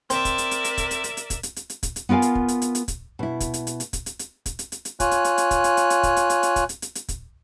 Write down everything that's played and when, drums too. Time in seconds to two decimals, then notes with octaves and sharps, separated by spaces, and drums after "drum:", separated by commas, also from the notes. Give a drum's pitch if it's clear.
0.10 C4 A#4 D5 E5, drum: hi-hat
0.25 drum: kick, hi-hat
0.38 drum: hi-hat
0.51 drum: hi-hat
0.64 drum: hi-hat
0.78 drum: kick, hi-hat
0.91 drum: hi-hat
1.04 drum: hi-hat
1.17 drum: hi-hat
1.30 drum: kick, hi-hat
1.43 drum: hi-hat
1.56 drum: hi-hat
1.70 drum: hi-hat
1.83 drum: kick, hi-hat
1.96 drum: hi-hat
2.09 B3 F4 A#4 F5 G#5
2.22 drum: hi-hat
2.35 drum: kick
2.48 drum: hi-hat
2.62 drum: hi-hat
2.75 drum: hi-hat
2.88 drum: kick, hi-hat
3.19 B2 E4
3.40 drum: kick, hi-hat
3.54 drum: hi-hat
3.67 drum: hi-hat
3.80 drum: hi-hat
3.93 drum: kick, hi-hat
4.06 drum: hi-hat
4.19 drum: hi-hat
4.46 drum: kick, hi-hat
4.59 drum: hi-hat
4.72 drum: hi-hat
4.85 drum: hi-hat
5.00 F4 C#5 G#5 F#6, drum: kick, hi-hat
5.11 drum: hi-hat
5.24 drum: hi-hat
5.38 drum: hi-hat
5.51 drum: kick, hi-hat
5.64 drum: hi-hat
5.77 drum: hi-hat
5.90 drum: hi-hat
6.03 drum: kick, hi-hat
6.17 drum: hi-hat
6.30 drum: hi-hat
6.43 drum: hi-hat
6.56 drum: kick, hi-hat
6.69 drum: hi-hat
6.82 drum: hi-hat
6.95 drum: hi-hat
7.09 drum: kick, hi-hat